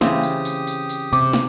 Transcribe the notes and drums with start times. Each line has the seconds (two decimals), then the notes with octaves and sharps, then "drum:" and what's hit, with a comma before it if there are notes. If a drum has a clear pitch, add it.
0.01 C#3 E3 C4 G4 D#6, drum: snare
0.23 drum: tambourine
0.45 drum: tambourine
0.67 drum: tambourine
0.89 drum: tambourine
1.13 C3 D6, drum: tambourine
1.33 drum: snare